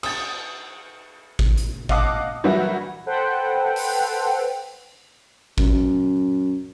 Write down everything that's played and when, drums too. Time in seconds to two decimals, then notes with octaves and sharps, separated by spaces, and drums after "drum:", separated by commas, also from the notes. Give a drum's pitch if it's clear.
0.03 D#6 A6, drum: cymbal
1.39 drum: kick G#1
1.57 drum: hi-hat
1.89 D#5 F5 F#5 A5 D6 D#6, drum: kick G#1
2.44 E3 F#3 G3 A#3 E4 F#4
3.06 A4 B4 C5 F#5 G5
3.76 drum: open hi-hat
5.58 F#2, drum: kick G#1